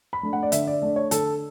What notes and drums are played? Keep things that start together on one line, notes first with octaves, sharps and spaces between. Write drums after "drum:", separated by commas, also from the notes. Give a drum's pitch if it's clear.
B5
A3 D4
F#5
D5
D3 E5, drum: hi-hat
D5
A3 D4 D5
C#5
D3 A4, drum: hi-hat